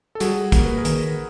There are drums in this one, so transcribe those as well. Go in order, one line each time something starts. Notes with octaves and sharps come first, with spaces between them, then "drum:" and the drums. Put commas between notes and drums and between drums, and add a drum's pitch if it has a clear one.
A4
G3 F#4 G#4, drum: hi-hat
A#3 A#4, drum: kick, hi-hat
B4
G#4 A#4
D#3, drum: hi-hat